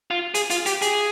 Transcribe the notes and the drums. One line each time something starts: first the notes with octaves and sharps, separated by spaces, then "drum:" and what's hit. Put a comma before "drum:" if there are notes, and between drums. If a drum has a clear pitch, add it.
F4
G#4, drum: hi-hat
F4, drum: hi-hat
G4, drum: hi-hat
G#4, drum: hi-hat